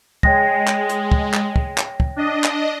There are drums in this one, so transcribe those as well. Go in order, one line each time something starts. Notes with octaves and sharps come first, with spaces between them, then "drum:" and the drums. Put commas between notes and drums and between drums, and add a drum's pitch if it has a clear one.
G#3 C#5 G5 A#6, drum: kick
drum: clap
drum: hi-hat
drum: kick
drum: clap
drum: kick
drum: clap
drum: kick
D4 D#5
drum: clap